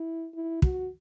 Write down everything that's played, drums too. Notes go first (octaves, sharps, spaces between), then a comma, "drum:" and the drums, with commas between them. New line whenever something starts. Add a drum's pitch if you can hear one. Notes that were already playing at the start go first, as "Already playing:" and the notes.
Already playing: E4
E4
F#4, drum: kick